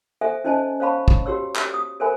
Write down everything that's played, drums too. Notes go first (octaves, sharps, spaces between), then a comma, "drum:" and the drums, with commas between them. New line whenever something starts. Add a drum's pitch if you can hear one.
A4 C5 E5 G#5
C#4 D#4 C5 D#5 G#5 A5
C5 C#5 F5 A5 B5 C#6
drum: kick
F#4 G4 C#5 E6
drum: clap
D#6
A4 A#4 C5 E5 G#5 B5